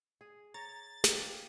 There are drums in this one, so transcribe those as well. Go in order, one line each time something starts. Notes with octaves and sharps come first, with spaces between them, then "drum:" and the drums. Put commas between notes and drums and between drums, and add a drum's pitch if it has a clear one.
G#4
C#5 A#5 A6
A#3 G4 G#4 D5, drum: snare